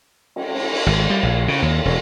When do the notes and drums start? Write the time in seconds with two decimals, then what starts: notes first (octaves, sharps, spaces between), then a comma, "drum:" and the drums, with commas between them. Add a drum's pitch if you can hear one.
0.36 drum: cymbal
0.54 drum: cymbal
0.73 drum: cymbal
0.86 G#1
1.10 G3
1.23 A#1
1.48 C#3, drum: cymbal
1.62 D#2
1.85 E1, drum: cymbal